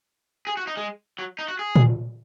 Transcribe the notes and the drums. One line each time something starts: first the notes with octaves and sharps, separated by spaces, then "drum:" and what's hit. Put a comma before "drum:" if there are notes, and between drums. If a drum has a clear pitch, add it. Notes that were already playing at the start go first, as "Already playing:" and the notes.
G#4
F#4
D#4
G#3
F#3
D#4
F#4
G#4
drum: tom A#2